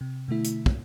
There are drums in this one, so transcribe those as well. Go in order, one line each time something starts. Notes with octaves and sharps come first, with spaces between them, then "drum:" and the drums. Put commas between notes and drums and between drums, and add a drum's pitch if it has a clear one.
C3
B2 D3 A3 E4
drum: hi-hat
drum: kick